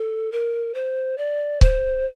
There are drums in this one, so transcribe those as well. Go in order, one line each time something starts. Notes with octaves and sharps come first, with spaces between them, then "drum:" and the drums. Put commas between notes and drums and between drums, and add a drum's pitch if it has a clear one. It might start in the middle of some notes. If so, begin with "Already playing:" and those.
Already playing: A4
A#4
C5
D5
C5, drum: kick C#1